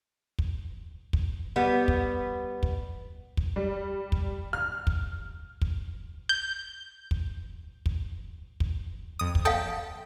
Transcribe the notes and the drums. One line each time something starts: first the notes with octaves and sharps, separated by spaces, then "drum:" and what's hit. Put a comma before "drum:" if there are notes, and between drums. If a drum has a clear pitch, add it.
drum: kick
drum: kick
G3 B3
drum: kick
drum: kick
drum: kick
G3
drum: kick
F6
drum: kick
drum: kick
G6
drum: kick
drum: kick
drum: kick
F2 D#6
drum: kick
A4 F5 G5 A5 D#6